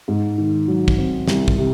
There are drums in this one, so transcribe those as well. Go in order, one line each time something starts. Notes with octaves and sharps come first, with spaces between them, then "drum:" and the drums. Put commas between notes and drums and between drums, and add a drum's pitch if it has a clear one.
G#2
D#3
F#3
drum: kick
C4
C2, drum: snare
drum: kick
C3